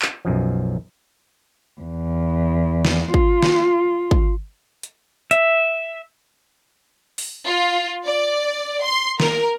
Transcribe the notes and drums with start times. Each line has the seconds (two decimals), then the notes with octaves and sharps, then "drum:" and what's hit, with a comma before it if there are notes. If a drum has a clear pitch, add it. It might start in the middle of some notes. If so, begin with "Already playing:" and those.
0.02 drum: clap
0.25 B1 F#2 F3
1.80 E2
2.85 drum: snare
3.14 F4, drum: kick
3.42 drum: snare
4.11 drum: kick
4.83 drum: hi-hat
5.31 E5, drum: hi-hat
7.18 drum: open hi-hat
7.46 F4
8.05 D5
8.84 C6
9.20 A#4, drum: snare